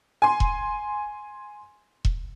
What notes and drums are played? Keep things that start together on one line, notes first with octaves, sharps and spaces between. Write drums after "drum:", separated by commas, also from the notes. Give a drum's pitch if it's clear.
G#5 C6
drum: kick E1
drum: kick E1